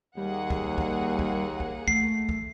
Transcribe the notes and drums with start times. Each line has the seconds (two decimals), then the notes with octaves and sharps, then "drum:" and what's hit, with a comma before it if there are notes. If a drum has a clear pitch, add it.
0.17 D#2 G3 A#3 G#4 F#5
0.50 drum: kick
0.78 drum: kick
1.19 drum: kick
1.60 drum: kick
1.88 A3 C7, drum: kick
2.29 drum: kick